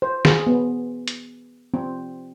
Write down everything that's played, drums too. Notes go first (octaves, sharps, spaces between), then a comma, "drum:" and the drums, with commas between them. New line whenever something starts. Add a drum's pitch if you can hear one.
C5
G#4, drum: snare
B3
drum: hi-hat
C4